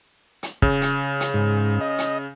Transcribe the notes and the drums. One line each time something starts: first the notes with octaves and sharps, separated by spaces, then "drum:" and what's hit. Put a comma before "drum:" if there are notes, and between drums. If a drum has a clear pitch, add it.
drum: hi-hat
C#3, drum: kick
drum: hi-hat
drum: hi-hat
G#2
D#5
drum: hi-hat